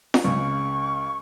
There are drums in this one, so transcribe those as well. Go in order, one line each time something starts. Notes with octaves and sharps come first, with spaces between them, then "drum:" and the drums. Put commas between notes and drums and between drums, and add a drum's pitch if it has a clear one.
drum: snare
C#2 C#3 C#6